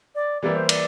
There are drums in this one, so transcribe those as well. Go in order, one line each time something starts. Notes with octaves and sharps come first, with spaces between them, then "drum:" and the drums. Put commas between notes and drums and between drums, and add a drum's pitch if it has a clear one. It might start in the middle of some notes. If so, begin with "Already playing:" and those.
D5
E3 G3 A#3 E4 G4 D5
C5
D5, drum: cymbal